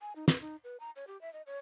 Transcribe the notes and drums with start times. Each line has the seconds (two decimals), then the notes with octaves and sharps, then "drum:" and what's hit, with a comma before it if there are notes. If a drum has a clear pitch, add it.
0.02 G#5
0.16 D#4
0.28 B4, drum: snare
0.41 D#4
0.64 B4
0.80 A#5
0.96 C#5
1.07 G4
1.21 E5
1.33 D#5
1.47 C#5